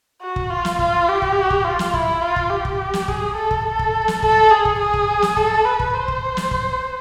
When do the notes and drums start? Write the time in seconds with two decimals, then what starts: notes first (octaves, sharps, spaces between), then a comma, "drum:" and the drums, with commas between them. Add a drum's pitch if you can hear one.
0.22 F#4
0.36 drum: kick
0.50 F4
0.65 drum: snare
0.79 F4, drum: kick
1.08 G4
1.22 drum: kick
1.50 drum: kick
1.64 F4
1.79 drum: snare
1.94 E4, drum: kick
2.22 F4
2.36 drum: kick
2.50 G4
2.65 drum: kick
2.94 drum: snare
3.08 G#4, drum: kick
3.36 A4
3.51 drum: kick
3.65 A4
3.79 drum: kick
4.08 drum: snare
4.22 A4, drum: kick
4.51 G#4
4.65 drum: kick
4.79 G#4
4.94 drum: kick
5.22 drum: snare
5.37 A4, drum: kick
5.65 B4
5.80 drum: kick
5.94 C5
6.08 drum: kick
6.37 drum: snare
6.51 drum: kick